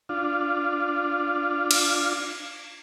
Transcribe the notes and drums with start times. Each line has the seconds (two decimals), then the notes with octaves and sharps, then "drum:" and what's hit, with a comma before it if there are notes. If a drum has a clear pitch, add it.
0.09 D4 F4
1.71 drum: cymbal